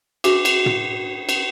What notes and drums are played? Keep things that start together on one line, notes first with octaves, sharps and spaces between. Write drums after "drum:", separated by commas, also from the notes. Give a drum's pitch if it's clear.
D4 F#4 G#4 B4 E5 D6, drum: cymbal
drum: cymbal
drum: tom
drum: cymbal